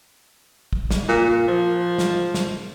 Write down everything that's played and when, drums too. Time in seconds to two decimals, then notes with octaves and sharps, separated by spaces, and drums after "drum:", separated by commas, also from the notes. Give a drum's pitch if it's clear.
0.73 drum: kick
0.91 drum: snare
1.09 A#2
1.48 F3
1.98 drum: snare
2.34 drum: snare